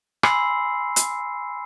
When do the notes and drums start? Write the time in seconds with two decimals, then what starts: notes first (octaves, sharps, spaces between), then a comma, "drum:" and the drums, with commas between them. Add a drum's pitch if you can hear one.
0.23 G#5 B5 C6 E6 C7, drum: rim click
0.96 drum: hi-hat